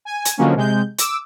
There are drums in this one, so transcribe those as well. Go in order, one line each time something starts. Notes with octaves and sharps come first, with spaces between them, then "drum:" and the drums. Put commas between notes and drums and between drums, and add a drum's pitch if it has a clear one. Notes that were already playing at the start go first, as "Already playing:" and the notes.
G#5
drum: hi-hat
D3 F3 F#3 G#3 A#3 C#4
C3 G#3 G6
D6 E6, drum: hi-hat